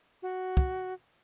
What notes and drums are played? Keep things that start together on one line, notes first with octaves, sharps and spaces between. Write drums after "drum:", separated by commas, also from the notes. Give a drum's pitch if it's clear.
F#4
drum: kick